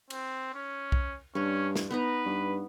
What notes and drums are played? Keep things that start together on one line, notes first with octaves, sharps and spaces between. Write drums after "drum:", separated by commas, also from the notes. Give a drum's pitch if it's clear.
C4, drum: cymbal
C#4
drum: kick B1
G2 C#4 D4 C#5
drum: snare
B3 D#4 B4 A#5
G2